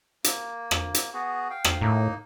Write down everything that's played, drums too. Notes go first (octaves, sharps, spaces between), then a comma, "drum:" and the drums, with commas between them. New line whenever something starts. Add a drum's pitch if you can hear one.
A#3, drum: hi-hat
drum: rim click
drum: hi-hat
B3 F#4 G#4
F5 G5
drum: rim click
A2 A#3 D#4